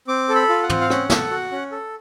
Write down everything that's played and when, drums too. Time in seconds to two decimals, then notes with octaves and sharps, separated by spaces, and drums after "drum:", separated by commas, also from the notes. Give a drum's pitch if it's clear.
0.08 C4 D6
0.29 A4
0.35 B5
0.49 F4
0.63 F#5
0.70 C4, drum: tom
0.81 F5
0.90 C#4 F#5, drum: rim click
1.10 A4, drum: snare
1.31 F#4
1.52 C#4
1.72 A4